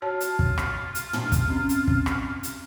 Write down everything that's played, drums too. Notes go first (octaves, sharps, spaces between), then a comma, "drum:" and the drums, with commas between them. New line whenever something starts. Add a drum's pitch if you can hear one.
F4 F#4 C#5 A5
drum: hi-hat
drum: kick
drum: rim click
drum: hi-hat
drum: tom
drum: kick, hi-hat
C4 C#4
drum: hi-hat
drum: kick
drum: rim click
drum: hi-hat